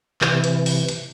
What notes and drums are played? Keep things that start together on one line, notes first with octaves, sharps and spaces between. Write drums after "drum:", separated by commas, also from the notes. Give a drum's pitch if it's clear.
C3 E3, drum: clap
drum: hi-hat
drum: open hi-hat
drum: hi-hat